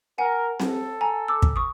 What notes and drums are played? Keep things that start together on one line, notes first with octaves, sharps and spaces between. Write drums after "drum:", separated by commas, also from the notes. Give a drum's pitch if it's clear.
A#4 F#5 G#5
A4, drum: snare C4
G#5 A#5
D6 E6
drum: kick
C#6 D#6